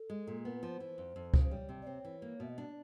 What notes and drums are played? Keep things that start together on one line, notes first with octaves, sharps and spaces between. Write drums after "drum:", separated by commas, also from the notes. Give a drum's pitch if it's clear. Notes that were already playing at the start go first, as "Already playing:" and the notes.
Already playing: A4
G#3
A#2
B3 A#4
B4
F3
C5
E3
F2
F2
C#3, drum: kick C#2
C5
G3 C#5
C3
D5
C4 C#5
E3
A#3
B2 E5
D#5
D4 D5